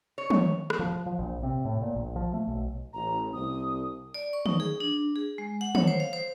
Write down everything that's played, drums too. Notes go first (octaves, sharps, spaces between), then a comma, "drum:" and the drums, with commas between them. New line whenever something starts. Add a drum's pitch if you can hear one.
C#5
drum: tom
drum: rim click
F3
F3
A#1
C3
A2
A#2
A#1
F3
A3
B1
A1 A#5
C2 D#6
D5
C#6
D#4, drum: tom
G#4
D4
G#4
G#3
F#5
C#5, drum: tom
C5
F5
C5